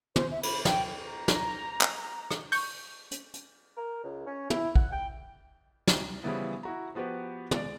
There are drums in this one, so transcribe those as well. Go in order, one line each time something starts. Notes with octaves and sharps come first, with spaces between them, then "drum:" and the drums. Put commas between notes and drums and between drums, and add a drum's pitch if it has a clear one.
C5, drum: tom
E5
B5, drum: cymbal
G5, drum: snare
A#5
drum: snare
drum: clap
drum: rim click
C#6 G6, drum: open hi-hat
drum: hi-hat
drum: hi-hat
A#4
C#2
C#4
E4, drum: tom
F#5, drum: kick
G5
C2, drum: snare
C#3 E3 F3 G3 B3 E4
E4 F#4 A#5
F3 B3 F#4 G4 B4
G#3 D5, drum: tom